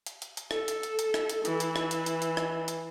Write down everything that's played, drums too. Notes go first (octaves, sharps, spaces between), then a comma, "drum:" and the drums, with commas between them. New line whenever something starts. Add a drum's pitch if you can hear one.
drum: hi-hat
drum: hi-hat
drum: hi-hat
A4, drum: rim click
drum: hi-hat
drum: hi-hat
drum: hi-hat
drum: rim click
drum: hi-hat
E3, drum: hi-hat
drum: hi-hat
drum: rim click
drum: hi-hat
drum: hi-hat
drum: hi-hat
drum: rim click
drum: hi-hat